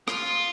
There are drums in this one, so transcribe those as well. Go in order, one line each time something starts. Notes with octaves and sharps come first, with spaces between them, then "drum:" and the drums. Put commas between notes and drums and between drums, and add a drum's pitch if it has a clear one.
F4, drum: rim click